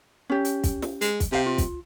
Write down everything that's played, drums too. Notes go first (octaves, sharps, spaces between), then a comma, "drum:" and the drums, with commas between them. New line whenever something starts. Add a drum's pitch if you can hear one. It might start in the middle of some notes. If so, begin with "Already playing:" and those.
C#4 G4
drum: hi-hat
drum: kick, hi-hat
drum: snare
G#3, drum: hi-hat
drum: kick, hi-hat
C3 G4 F5
F4
drum: kick, hi-hat